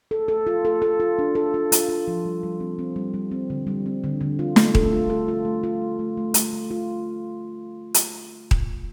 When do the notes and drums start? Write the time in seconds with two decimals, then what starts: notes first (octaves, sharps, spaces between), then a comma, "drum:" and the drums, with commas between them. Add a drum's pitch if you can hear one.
0.11 A4
0.28 A4
0.47 F4
0.65 A4
0.82 A4
1.00 F4
1.19 D4
1.35 A4
1.54 F4
1.72 F4, drum: hi-hat
1.89 F4
2.08 F3
2.26 G3
2.43 G3
2.60 C4
2.79 C4
2.96 G3
3.14 G3
3.31 C4
3.50 D3
3.67 G3
3.86 C4
4.04 D3
4.21 D3
4.39 F4
4.56 A3, drum: snare
4.75 A4, drum: kick D#1
4.93 F4
5.10 A4
5.28 F4
5.45 A3
5.64 F4
5.81 A3
5.99 A3
6.17 A3
6.34 A3, drum: hi-hat
6.53 A3
6.71 F4
7.94 drum: hi-hat
8.51 drum: kick D#1